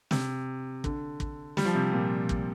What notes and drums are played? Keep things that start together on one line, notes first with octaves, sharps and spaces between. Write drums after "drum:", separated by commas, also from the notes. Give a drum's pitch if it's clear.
C3, drum: snare
D3, drum: kick
drum: kick
G3, drum: snare
F3
C3
A#2
drum: kick